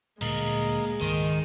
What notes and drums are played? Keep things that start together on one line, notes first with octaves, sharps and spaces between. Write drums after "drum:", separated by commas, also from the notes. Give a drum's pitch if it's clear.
D2 A#2 G3 G#3 A#3 D#5, drum: cymbal
C#2 G#2 D#3 C6